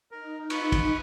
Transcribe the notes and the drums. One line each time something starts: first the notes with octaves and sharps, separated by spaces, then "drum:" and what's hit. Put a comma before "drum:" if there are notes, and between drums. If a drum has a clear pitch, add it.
D#4 A#4
B4 C#6 F#6, drum: cymbal
drum: kick, cymbal